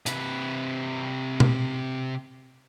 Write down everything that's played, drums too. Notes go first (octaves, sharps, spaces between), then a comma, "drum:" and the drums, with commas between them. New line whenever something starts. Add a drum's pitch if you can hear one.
C3 B4, drum: hi-hat
drum: tom B2